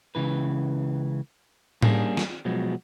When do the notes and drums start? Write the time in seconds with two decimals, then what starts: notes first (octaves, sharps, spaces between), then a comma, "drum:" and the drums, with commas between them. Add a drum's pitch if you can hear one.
0.15 C#2 C#3 E3 B4
1.82 G3 A#3 C#4 D4 G#4, drum: tom A2
2.17 drum: snare
2.45 B2 F3 F#3 G#3 B3